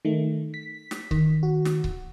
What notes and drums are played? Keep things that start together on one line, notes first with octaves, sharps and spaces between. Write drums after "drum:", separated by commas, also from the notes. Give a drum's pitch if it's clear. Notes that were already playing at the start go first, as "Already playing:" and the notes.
D#3 A3
B6
drum: snare
D#3, drum: kick C#1
F#4
drum: snare
drum: kick C#1